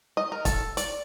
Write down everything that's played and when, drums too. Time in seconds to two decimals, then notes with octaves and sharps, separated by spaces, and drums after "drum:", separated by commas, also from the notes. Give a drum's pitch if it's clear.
0.17 D#5
0.32 A#4
0.45 A4, drum: kick, hi-hat
0.77 D5, drum: hi-hat